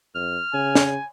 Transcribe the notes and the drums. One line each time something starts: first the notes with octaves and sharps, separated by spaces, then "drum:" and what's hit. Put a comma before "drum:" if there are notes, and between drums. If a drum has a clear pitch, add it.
F2 F6
C#3 G#5
drum: snare